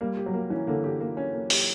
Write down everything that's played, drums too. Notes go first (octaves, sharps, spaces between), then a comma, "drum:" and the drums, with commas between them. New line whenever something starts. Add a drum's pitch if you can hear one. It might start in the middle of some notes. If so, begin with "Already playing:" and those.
G3 A#3
G4
F#3
A#3
E3 C#4
D3 A#3
D3 G4
A#3
C#4
A#3
G4, drum: open hi-hat